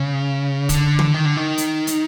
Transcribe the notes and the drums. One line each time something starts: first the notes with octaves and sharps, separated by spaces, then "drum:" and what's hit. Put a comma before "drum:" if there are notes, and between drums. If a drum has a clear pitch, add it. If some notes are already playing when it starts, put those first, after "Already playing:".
Already playing: C#3
D3, drum: kick, hi-hat
drum: tom
D#3
D3
D#3
drum: hi-hat
drum: hi-hat